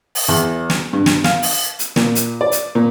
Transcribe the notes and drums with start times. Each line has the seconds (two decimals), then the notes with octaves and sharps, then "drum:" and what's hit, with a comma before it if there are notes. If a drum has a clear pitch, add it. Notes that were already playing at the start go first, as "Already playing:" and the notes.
0.15 drum: open hi-hat
0.28 E2
0.70 drum: snare
0.93 G2
1.06 drum: snare
1.24 F5, drum: snare
1.42 drum: open hi-hat
1.79 drum: hi-hat
1.96 A#2, drum: snare
2.15 drum: hi-hat
2.41 D5
2.52 drum: hi-hat
2.75 A#2